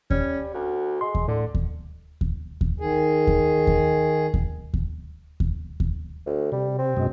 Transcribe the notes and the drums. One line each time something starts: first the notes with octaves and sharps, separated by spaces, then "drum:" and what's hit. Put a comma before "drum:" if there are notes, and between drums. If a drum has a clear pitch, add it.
G3 C#4, drum: kick D#2
D2 F#4
G#3 C6
drum: kick D#2
A2 D3
drum: kick D#2
drum: kick D#2
drum: kick D#2
D#3 G#4
drum: kick D#2
drum: kick D#2
drum: kick D#2
drum: kick D#2
drum: kick D#2
drum: kick D#2
D2
C3 G3
C4
F#2 B2 G#3